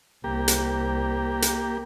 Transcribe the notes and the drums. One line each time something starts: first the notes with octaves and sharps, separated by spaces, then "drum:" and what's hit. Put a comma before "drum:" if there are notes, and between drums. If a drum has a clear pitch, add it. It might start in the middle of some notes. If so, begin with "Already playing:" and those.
C2 A#3 G4
drum: hi-hat
drum: hi-hat